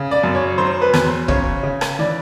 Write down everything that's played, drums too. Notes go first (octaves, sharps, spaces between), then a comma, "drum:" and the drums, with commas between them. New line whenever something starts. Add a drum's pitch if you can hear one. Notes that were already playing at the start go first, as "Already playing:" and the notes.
Already playing: C#3
D5
F#2
C#5
F#3 C5
B4
E2, drum: rim click
C5
C#3 C#5, drum: kick
C#3
drum: rim click
E3 D5